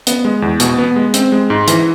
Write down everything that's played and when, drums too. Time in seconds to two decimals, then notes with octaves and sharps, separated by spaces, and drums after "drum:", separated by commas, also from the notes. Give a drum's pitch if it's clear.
0.07 B3, drum: hi-hat
0.25 G#3
0.42 E2
0.60 B2, drum: hi-hat
0.78 B3
0.96 G#3
1.14 C4, drum: hi-hat
1.32 G#3
1.50 G#2
1.68 E3, drum: hi-hat